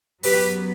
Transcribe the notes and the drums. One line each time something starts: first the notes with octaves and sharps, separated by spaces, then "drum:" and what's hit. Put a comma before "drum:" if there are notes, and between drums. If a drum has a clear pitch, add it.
F#2 F#3 B3 G4 B4, drum: open hi-hat